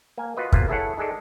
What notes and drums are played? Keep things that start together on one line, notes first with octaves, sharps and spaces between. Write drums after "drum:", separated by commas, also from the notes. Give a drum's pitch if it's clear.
A#3 G#5
F4 F#4 B4 D#5
G#1 C3 A#3 B3 F4, drum: kick
E4 G#4 A4 C#5 F#5
D#3 G#3 G#4 A4 D5